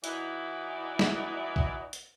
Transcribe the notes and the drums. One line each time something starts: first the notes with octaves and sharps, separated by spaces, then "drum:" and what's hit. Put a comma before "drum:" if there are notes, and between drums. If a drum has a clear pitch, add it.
E3 D#4 E4 F#4 D5, drum: hi-hat
drum: snare
drum: kick A#1
drum: hi-hat